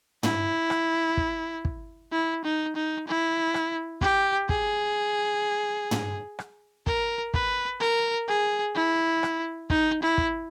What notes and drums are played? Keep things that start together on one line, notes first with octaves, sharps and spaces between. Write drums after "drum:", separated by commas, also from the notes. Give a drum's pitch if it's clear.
E4, drum: tom
drum: rim click
drum: kick
drum: kick
E4
D#4
D#4
E4
drum: rim click
G4, drum: kick
G#4, drum: kick
drum: tom
drum: rim click
A#4, drum: kick
B4, drum: kick
A#4
G#4
E4
drum: rim click
D#4, drum: kick
E4
drum: kick